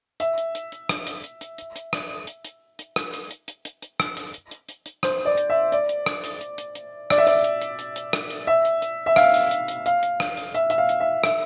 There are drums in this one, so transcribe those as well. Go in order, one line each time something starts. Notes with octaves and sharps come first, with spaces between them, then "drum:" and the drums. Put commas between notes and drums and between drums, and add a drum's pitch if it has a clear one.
E5, drum: hi-hat
drum: hi-hat
drum: hi-hat
drum: hi-hat
drum: rim click
drum: hi-hat
drum: hi-hat
drum: hi-hat
drum: hi-hat
drum: hi-hat
drum: rim click
drum: hi-hat
drum: hi-hat
drum: hi-hat
drum: rim click
drum: hi-hat
drum: hi-hat
drum: hi-hat
drum: hi-hat
drum: hi-hat
drum: rim click
drum: hi-hat
drum: hi-hat
drum: hi-hat
drum: hi-hat
drum: hi-hat
C5, drum: rim click
D5
drum: hi-hat
E5
D5, drum: hi-hat
drum: hi-hat
drum: rim click
drum: hi-hat
drum: hi-hat
drum: hi-hat
drum: hi-hat
D5, drum: rim click
E5
D5, drum: hi-hat
drum: hi-hat
drum: hi-hat
drum: hi-hat
drum: hi-hat
drum: rim click
drum: hi-hat
E5
drum: hi-hat
drum: hi-hat
E5
F5, drum: rim click
drum: hi-hat
drum: hi-hat
drum: hi-hat
F5, drum: hi-hat
drum: hi-hat
drum: rim click
drum: hi-hat
E5, drum: hi-hat
E5, drum: hi-hat
F5
drum: hi-hat
E5
E5, drum: rim click